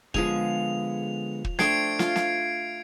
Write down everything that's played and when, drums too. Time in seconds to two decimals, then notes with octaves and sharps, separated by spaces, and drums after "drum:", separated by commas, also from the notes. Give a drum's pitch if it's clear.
0.14 D3 F3 G#3 B3 G#4 G#5 F7, drum: kick
1.44 drum: kick
1.59 A3 D4 C5 G5 G#6 C7 D7, drum: snare
1.99 F4, drum: snare
2.16 drum: snare